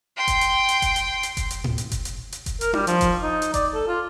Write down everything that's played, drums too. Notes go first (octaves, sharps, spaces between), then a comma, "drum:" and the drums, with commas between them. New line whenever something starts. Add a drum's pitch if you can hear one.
G5 C6
drum: kick F1, hi-hat
drum: hi-hat
drum: hi-hat
drum: kick F1, hi-hat
drum: hi-hat
drum: hi-hat
drum: kick F1, hi-hat
drum: hi-hat
drum: tom A2
drum: hi-hat
drum: kick F1, hi-hat
drum: hi-hat
drum: hi-hat
drum: kick F1, hi-hat
A#4, drum: hi-hat
G3, drum: tom D4
F3, drum: hi-hat
drum: kick F1, hi-hat
D#4
drum: hi-hat
D5, drum: kick F1, hi-hat
A4
F4